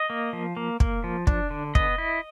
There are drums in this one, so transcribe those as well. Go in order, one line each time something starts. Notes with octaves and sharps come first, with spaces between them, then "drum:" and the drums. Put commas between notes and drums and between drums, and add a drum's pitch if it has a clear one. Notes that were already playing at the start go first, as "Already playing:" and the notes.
Already playing: D#5
A#3
F3
A#3
A#3, drum: kick
F3
D4, drum: kick
D3
B3 D#5, drum: kick
E4